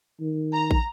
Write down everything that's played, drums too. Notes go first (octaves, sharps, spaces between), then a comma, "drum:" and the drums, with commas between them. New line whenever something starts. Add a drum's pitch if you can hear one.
D#3
A#5
drum: kick